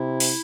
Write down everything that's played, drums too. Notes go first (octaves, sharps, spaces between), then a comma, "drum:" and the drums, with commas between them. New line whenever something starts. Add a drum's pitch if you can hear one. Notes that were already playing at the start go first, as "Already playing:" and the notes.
Already playing: C3 E4
drum: open hi-hat